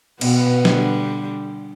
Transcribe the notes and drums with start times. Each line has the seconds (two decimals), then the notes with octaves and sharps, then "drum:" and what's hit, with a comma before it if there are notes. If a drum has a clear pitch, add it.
0.21 B2 B3, drum: cymbal
0.65 D3 G3, drum: snare